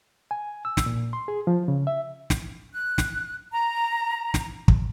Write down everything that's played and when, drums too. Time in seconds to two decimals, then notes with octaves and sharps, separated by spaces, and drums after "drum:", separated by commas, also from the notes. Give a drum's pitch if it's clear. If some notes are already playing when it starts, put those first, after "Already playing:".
0.31 G#5
0.65 E6
0.77 drum: snare
0.86 A#2
1.13 C6
1.28 G#4
1.47 F3
1.68 C#3
1.87 E5
2.30 drum: snare
2.72 F#6
2.98 drum: snare
3.52 A#5
4.34 drum: snare
4.68 drum: kick